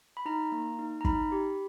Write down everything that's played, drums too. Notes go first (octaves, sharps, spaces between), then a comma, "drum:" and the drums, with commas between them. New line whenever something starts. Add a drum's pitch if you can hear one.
B5
D#4 A#5
A#3
D#4
A#5
D#4 B5, drum: kick
G4